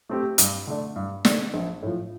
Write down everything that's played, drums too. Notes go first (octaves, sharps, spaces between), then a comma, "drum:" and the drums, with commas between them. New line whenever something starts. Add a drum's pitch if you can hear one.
A3 C4 G4
G2, drum: hi-hat
D3 A3 D4
G2
D3 A3 D4, drum: snare
A#1
A2 F3